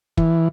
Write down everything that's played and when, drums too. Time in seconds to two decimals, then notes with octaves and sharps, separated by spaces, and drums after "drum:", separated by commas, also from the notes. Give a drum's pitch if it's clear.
0.17 E3, drum: kick